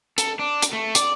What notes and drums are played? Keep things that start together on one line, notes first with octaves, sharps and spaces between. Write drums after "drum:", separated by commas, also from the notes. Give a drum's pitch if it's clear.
A4, drum: hi-hat
D4
drum: hi-hat
A3
D5, drum: hi-hat